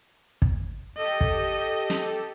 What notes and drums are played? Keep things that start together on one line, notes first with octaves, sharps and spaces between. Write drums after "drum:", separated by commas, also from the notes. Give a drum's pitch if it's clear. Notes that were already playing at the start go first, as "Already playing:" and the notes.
drum: kick
G4 A4 D#5
drum: kick
drum: snare